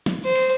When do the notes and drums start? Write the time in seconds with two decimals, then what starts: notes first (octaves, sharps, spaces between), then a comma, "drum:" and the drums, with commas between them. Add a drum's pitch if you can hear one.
0.06 drum: snare
0.24 C5
0.35 drum: cymbal